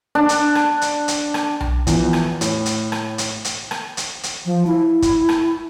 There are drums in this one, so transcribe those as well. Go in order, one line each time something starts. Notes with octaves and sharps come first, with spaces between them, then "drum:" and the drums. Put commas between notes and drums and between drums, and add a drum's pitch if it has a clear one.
D4
drum: hi-hat
drum: rim click
drum: hi-hat
drum: hi-hat
drum: rim click
drum: tom B1
E2 E3 F3, drum: kick, hi-hat
drum: rim click
A2, drum: hi-hat
drum: hi-hat
drum: rim click
drum: hi-hat
drum: hi-hat
drum: rim click
drum: hi-hat
drum: hi-hat
F3
E4
drum: kick, hi-hat
drum: rim click